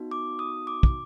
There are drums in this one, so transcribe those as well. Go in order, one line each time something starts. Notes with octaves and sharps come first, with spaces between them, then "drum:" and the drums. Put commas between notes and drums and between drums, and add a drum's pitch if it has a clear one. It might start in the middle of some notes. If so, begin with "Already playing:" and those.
Already playing: B3 D#4 F#4
D6
D#6
D6
drum: kick